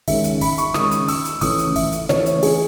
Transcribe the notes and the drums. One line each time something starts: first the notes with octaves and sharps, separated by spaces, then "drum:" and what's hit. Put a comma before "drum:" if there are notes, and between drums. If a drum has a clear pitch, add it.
D#3 G#3 C#4 E5, drum: kick, open hi-hat
drum: hi-hat
B5, drum: kick, open hi-hat
C#6, drum: hi-hat
D#3 G#3 C#4 D#6, drum: snare
drum: hi-hat
E6, drum: open hi-hat
drum: hi-hat
E3 A3 C#4 D#6, drum: kick, open hi-hat
drum: hi-hat
E5, drum: kick, open hi-hat
drum: hi-hat
E3 A3 C#4 C#5, drum: snare
drum: hi-hat
G#4, drum: open hi-hat